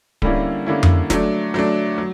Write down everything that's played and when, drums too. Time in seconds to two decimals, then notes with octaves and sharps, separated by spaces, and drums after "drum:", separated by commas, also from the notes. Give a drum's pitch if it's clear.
0.22 D3 G3 A#3 C#4 E4, drum: kick D1
0.66 D3 G3 A#3 C#4 E4
0.83 drum: tom F2
1.10 F#3 A3 D4, drum: snare
1.54 F#3 A3 D4
1.98 F#3